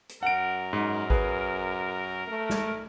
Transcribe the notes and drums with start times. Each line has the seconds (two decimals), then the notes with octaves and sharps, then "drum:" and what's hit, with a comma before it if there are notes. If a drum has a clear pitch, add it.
0.09 drum: hi-hat
0.23 F#2 A#4 F#5 D7
0.73 G#2
1.10 G#4 B4, drum: kick G#1
2.28 A3
2.50 drum: snare